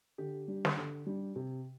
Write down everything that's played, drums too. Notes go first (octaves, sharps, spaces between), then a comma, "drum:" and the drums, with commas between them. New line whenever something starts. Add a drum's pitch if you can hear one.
D3 G4
G3 D4
drum: snare
D3
G3 D4
C3